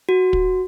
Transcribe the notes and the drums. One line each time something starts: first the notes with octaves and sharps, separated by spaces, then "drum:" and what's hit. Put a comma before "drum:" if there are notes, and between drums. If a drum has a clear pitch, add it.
F#4
drum: kick